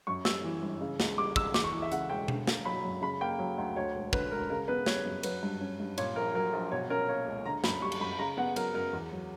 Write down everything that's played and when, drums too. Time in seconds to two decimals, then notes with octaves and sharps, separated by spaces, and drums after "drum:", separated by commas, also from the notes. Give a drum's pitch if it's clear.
0.07 F#2 C#6
0.25 G3 E6, drum: snare
0.44 E3
0.62 G1
0.81 C#3
1.00 C#2, drum: snare
1.17 G3 D6
1.36 C#2 E6, drum: kick
1.54 E2 D6, drum: snare
1.64 C#6
1.72 E3
1.82 E5
1.92 C#3 F#5, drum: hi-hat
2.10 E1 G5
2.28 D3, drum: tom B2
2.47 A#3, drum: snare
2.65 F#3 B5
2.84 F#2
3.02 C#3 B5
3.21 A#3 G5
3.39 F#3
3.58 D2
3.76 D2 C#5
3.94 E1
4.13 D3 B4, drum: kick
4.31 E1 A#4
4.50 C#3 A#4
4.68 B3 B4
4.86 G3 C#5, drum: snare
5.06 F#2
5.23 F#3 B4, drum: cymbal
5.43 G2
5.61 C#4
5.80 G2
5.98 A#2 C#5, drum: cymbal
6.16 A#1 A#4
6.35 F#3 A#4
6.53 A#1
6.72 B2 C#5
6.90 C#4 A#4
7.09 A#3 C#5
7.28 C#2
7.46 D3 A#5
7.64 F#2 B5, drum: snare
7.82 G3 C#6
7.92 drum: cymbal
8.01 F#2 B5
8.19 C#3 A#5
8.37 B3 F#5
8.56 F#3 A#4, drum: cymbal
8.75 F#2 A#4
8.93 E2
9.12 F#3